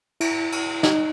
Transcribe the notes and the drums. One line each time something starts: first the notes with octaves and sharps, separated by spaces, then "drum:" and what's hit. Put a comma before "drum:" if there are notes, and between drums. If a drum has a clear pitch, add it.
E4, drum: cymbal
drum: cymbal
D#4, drum: snare